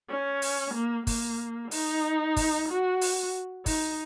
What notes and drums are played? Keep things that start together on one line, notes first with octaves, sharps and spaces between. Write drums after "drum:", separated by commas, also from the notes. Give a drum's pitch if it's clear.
C#4
drum: open hi-hat
A#3
A#3, drum: kick, open hi-hat
D#4, drum: open hi-hat
drum: kick, open hi-hat
F#4
drum: open hi-hat
D#4, drum: kick, open hi-hat